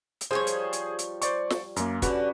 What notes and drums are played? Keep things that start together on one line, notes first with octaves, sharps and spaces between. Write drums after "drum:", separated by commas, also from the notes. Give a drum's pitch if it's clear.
drum: hi-hat
F3 G3 G#4 C5 C#5
drum: hi-hat
drum: hi-hat
drum: hi-hat
C5 D5 C#6, drum: hi-hat
drum: snare
F#2 A#3, drum: hi-hat
D3 G3 C#4 D4 F#4 B4, drum: kick, hi-hat